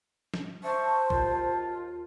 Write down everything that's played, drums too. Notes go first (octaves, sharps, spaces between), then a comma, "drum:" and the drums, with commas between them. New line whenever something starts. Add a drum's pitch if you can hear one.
drum: snare
C5 E5 A5 C#6
D#2 F4, drum: kick A#1